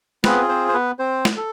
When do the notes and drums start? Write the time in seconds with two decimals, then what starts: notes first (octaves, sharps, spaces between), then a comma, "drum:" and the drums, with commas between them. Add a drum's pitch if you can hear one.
0.24 B3 C4 F4 G#4 B4, drum: snare
0.49 C4 C5
0.68 C5
0.74 B3 B4
0.99 C4 C5
1.25 drum: snare
1.37 A4